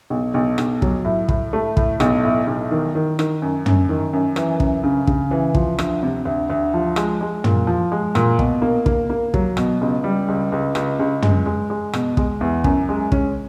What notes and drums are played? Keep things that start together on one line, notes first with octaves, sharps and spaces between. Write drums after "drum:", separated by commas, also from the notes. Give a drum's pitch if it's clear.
B1
B1
B1, drum: rim click
F#3, drum: kick
A2
A2, drum: kick
A3
A2, drum: kick
B1, drum: rim click
A2
B1
D#3
D#3
D#3, drum: rim click
F#2
F#2, drum: tom
D#3
F#2
E3, drum: rim click
F#2, drum: kick
C#3
C#3, drum: kick
E3
F3, drum: kick
D2, drum: rim click
C3
D2
D2
F3
G#3, drum: rim click
G#3
A#2, drum: tom
F3
G#3
A#2, drum: rim click
B2, drum: kick
A#3
A#3, drum: kick
A#3
F#3, drum: kick
B2, drum: rim click
C#2
G3
C#2
C#2
C#2, drum: rim click
C#2
G#3, drum: tom
G#3
G#3
B2, drum: rim click
G#3, drum: kick
E2
F#2, drum: kick
G#3
C#4, drum: kick